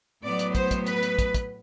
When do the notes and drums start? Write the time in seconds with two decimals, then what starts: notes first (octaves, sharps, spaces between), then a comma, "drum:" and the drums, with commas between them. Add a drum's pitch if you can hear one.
0.23 A2 F#3 B3 D5
0.39 drum: hi-hat
0.55 C5, drum: kick, hi-hat
0.71 drum: kick, hi-hat
0.87 B4, drum: hi-hat
1.03 drum: hi-hat
1.19 drum: kick, hi-hat
1.34 drum: kick, hi-hat